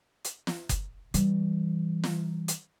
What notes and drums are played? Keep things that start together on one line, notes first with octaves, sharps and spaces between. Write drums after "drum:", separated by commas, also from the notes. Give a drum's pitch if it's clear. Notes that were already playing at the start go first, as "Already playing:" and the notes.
drum: hi-hat
drum: snare
drum: kick F#1, hi-hat
E3 G3, drum: hi-hat
drum: snare
drum: hi-hat